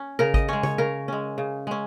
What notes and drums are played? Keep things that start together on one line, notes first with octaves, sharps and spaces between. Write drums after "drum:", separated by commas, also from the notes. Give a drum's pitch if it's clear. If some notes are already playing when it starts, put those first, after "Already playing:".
Already playing: C#4
C#3 A#4
D#5, drum: kick G#1
G#3 C#4 C#5
C#5, drum: tom C#3
C#3 A#4
G#3 C#4
C#3
G#3 C#4